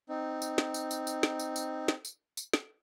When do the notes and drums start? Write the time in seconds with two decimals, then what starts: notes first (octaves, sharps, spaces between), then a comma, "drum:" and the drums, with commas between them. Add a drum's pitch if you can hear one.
0.09 C4 D#4
0.42 drum: tambourine
0.58 drum: snare
0.74 drum: tambourine
0.91 drum: tambourine
1.07 drum: tambourine
1.23 drum: snare
1.39 drum: tambourine
1.56 drum: tambourine
1.88 drum: snare
2.05 drum: tambourine
2.37 drum: tambourine
2.54 drum: snare